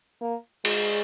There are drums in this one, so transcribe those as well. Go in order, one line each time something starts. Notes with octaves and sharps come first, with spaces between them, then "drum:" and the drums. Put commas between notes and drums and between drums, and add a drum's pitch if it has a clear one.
A#3
G#3, drum: cymbal